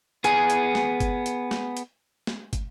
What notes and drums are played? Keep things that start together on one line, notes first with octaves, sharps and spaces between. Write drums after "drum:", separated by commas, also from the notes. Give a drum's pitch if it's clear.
B3 G#4 G#5, drum: hi-hat
drum: hi-hat
drum: snare
drum: kick, hi-hat
drum: hi-hat
drum: snare
drum: hi-hat
drum: snare
drum: kick, hi-hat